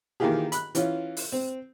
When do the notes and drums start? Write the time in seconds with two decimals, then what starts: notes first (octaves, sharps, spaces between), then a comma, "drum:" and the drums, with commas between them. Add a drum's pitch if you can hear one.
0.20 D#3 E3 A#3 F4 G4 G#4
0.52 B5 F#6, drum: hi-hat
0.75 E3 C#4 F4, drum: hi-hat
1.17 drum: open hi-hat
1.32 C4